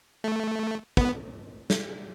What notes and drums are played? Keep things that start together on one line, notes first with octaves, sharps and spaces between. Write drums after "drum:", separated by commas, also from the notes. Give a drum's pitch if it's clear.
A3
B3, drum: kick
drum: snare